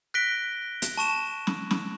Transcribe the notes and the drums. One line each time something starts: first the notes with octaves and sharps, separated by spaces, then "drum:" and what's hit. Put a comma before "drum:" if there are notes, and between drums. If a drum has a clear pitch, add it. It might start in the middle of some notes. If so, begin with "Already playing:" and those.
F#6 A#6 B6 D7 G7
drum: hi-hat
A5 C#6 E7
drum: snare
drum: snare